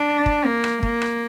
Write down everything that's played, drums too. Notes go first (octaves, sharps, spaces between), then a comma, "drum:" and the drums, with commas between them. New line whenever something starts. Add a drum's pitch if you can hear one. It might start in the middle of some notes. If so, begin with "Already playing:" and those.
Already playing: D4
drum: kick
A#3
drum: rim click
A#3, drum: kick
drum: rim click